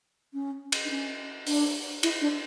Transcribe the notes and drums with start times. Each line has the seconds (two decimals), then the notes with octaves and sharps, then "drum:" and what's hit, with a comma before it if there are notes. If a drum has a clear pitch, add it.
0.34 C#4
0.72 drum: cymbal
0.85 D4
0.90 C#4
1.47 D4, drum: open hi-hat
2.03 E4, drum: cymbal
2.22 D4